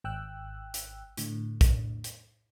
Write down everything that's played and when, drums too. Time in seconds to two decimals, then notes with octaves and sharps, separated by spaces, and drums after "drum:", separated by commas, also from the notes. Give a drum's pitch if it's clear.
0.04 G#1 G5 E6 F#6
0.74 drum: hi-hat
1.17 A2 D3, drum: hi-hat
1.61 drum: kick B1, hi-hat
2.04 drum: hi-hat